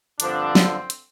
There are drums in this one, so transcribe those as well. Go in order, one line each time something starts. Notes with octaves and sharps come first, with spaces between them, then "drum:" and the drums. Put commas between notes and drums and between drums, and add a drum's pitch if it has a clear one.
G2 D3 F3 C4 D4, drum: hi-hat
C4, drum: snare
drum: hi-hat